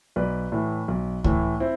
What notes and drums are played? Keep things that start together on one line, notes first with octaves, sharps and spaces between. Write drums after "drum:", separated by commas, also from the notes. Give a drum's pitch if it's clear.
B1 B4 D5
A2 E3
B1
A2 E3, drum: kick C#2
C4 E4